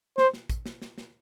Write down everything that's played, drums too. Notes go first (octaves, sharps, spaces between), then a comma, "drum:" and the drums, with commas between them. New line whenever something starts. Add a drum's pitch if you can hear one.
C5, drum: snare
drum: snare
drum: kick, hi-hat
drum: snare
drum: snare
drum: snare